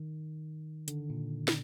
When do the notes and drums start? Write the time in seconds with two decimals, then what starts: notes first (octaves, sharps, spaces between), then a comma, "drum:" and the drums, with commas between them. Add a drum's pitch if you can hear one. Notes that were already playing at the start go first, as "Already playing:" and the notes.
Already playing: D#3
0.88 D3, drum: hi-hat
1.10 A#2
1.48 drum: snare